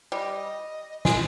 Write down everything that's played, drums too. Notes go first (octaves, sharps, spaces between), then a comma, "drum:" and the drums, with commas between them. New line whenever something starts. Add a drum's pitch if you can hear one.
G3 D#5
D#5
G#3 D#5, drum: snare